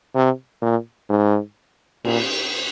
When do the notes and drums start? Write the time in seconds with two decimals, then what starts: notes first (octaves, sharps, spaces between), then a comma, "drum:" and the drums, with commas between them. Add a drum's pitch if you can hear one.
0.15 C3
0.62 A#2
1.09 G#2
2.05 A#2, drum: cymbal